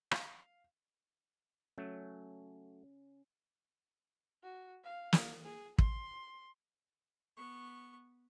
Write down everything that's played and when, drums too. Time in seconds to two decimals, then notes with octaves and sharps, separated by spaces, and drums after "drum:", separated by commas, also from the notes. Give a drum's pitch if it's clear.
0.11 F5, drum: rim click
1.78 F#3 A3 C#4
4.43 F#4
4.84 F5
5.13 drum: snare
5.44 G#4
5.78 C6, drum: kick
7.37 B3 C#6